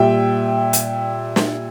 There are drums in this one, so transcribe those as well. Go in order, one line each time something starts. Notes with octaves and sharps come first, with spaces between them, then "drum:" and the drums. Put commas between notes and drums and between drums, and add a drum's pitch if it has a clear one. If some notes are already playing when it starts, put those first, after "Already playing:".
Already playing: A#2 G3 E5 G5
drum: hi-hat
drum: snare